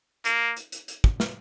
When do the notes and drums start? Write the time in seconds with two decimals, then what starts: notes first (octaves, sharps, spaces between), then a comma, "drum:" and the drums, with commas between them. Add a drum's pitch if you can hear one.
0.25 A#3, drum: hi-hat
0.57 drum: hi-hat
0.72 drum: hi-hat
0.88 drum: hi-hat
1.04 drum: kick
1.20 drum: snare